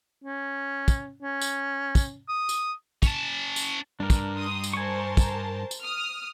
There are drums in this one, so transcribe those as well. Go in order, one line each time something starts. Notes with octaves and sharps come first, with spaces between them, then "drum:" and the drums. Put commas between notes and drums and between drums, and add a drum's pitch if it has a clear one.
C#4
drum: kick, tambourine
C#4
drum: tambourine
drum: kick, tambourine
D#6
drum: tambourine
C#4 A5, drum: kick, tambourine
drum: tambourine
G2 D4 A#4
drum: kick, tambourine
A#5 C6 D#6
drum: tambourine
A#4 C5 G#5 A5 C#6
drum: kick, tambourine
drum: tambourine
D#6 F6